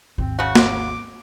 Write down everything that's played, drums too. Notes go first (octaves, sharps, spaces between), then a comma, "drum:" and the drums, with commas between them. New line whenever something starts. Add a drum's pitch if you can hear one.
G#1 D#2 C4
C#3 F#4 C#6
D6, drum: snare